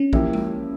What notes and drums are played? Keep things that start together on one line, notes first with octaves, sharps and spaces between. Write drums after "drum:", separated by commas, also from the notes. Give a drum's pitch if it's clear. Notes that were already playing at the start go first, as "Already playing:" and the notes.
Already playing: C#4
F3 A#3 E4 G4, drum: kick A#1
drum: tom G#3